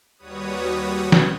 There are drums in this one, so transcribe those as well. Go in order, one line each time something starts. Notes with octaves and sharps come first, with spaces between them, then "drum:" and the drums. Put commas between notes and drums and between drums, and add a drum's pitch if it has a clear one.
D#2 G3 F#4 B4 C#5 D#6
drum: snare